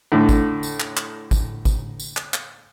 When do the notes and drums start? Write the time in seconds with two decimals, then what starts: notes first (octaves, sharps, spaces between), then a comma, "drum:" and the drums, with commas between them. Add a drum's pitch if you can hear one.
0.12 A2 D3
0.29 drum: kick, tambourine
0.63 drum: tambourine
0.80 drum: clap
0.97 drum: clap
1.31 drum: kick, tambourine
1.65 drum: kick, tambourine
2.00 drum: tambourine
2.17 drum: clap
2.34 drum: clap